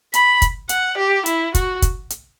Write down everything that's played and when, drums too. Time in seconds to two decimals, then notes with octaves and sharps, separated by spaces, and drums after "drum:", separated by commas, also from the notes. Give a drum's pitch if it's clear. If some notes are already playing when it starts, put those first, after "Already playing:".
0.14 B5, drum: hi-hat
0.42 drum: kick, hi-hat
0.69 F#5, drum: hi-hat
0.97 G4
1.26 E4, drum: hi-hat
1.55 F#4, drum: kick, hi-hat
1.82 drum: kick, hi-hat
2.10 drum: hi-hat